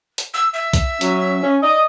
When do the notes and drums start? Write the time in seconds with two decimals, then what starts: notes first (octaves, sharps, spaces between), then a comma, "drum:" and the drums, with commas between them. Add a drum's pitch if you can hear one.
0.18 drum: hi-hat
0.33 E6
0.53 E5
0.73 drum: kick B1, hi-hat
1.01 F#3 C#4, drum: hi-hat
1.43 C#4
1.63 D5 D#5